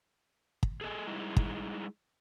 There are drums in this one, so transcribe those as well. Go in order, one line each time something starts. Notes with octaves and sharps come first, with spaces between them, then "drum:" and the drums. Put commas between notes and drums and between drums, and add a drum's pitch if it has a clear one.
drum: kick
G#4 A4 D#5 G#5
G3 G#3 D#4 E4
drum: kick